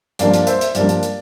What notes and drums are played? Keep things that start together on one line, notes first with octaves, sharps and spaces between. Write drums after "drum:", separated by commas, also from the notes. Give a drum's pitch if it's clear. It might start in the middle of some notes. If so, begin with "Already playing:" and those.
G2 F3 A#3 D4 D5 F5, drum: hi-hat
drum: hi-hat
C5 E5, drum: hi-hat
drum: hi-hat
G2 F3 A#3 D4 D5 F5, drum: hi-hat
drum: hi-hat
drum: hi-hat